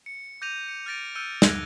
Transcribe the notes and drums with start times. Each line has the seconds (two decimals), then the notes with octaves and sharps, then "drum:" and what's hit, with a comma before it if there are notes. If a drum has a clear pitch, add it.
0.06 C#7
0.41 D6 G6 A#6 D#7 F7
0.68 C#7
0.86 F6 G6 A6 A#6 D7 D#7
1.15 E6 F6 G6 C#7 D#7
1.42 F#6 G#6 A#6, drum: snare